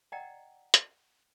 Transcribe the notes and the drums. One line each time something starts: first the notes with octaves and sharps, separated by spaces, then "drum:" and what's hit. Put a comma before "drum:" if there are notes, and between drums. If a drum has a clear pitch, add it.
D5 D#5 F#5 G5 A#5
drum: hi-hat